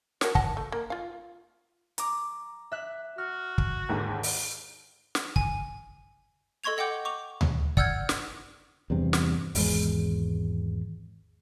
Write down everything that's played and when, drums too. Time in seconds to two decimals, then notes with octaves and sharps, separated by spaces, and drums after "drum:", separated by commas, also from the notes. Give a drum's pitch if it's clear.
0.21 F#4 A#4 C#5, drum: snare
0.35 D#5 F#5 A5, drum: kick
0.57 A3
0.72 A#3
0.90 F4 F5
1.98 A#5 D6, drum: hi-hat
2.72 E5 F#6
3.18 F#4 F6
3.58 drum: kick
3.89 D#2 G#2 D3
4.23 drum: open hi-hat
5.15 drum: snare
5.36 G#5, drum: kick
6.64 A4 D#5 C6 C#6 G#6 F7
6.77 A4 D#5 F#5 G5 D6 G6
7.05 C#6 D6 F7
7.41 drum: tom D2
7.77 D5 F#5 E6 F6 G6 G#6, drum: kick
8.09 drum: snare
8.90 E2 G2 C3
9.13 drum: snare
9.55 G#1 E2 G#3, drum: open hi-hat